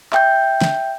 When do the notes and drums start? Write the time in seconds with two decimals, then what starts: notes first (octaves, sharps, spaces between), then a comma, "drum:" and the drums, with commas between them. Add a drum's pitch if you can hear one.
0.12 E5 G5 G6, drum: clap
0.61 drum: snare